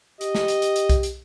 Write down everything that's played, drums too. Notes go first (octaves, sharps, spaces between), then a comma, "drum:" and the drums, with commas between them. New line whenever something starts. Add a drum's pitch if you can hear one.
G4 D#5, drum: hi-hat
drum: snare
drum: hi-hat
drum: hi-hat
drum: hi-hat
drum: kick B1, hi-hat
drum: hi-hat